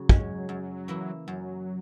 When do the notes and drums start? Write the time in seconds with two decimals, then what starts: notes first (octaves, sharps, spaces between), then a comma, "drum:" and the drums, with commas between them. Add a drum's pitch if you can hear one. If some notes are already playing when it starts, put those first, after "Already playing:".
Already playing: C#3 F#3
0.09 G#3 C#4, drum: kick
0.49 F#2
0.88 E3 A#3 E4
1.27 F#2 F#3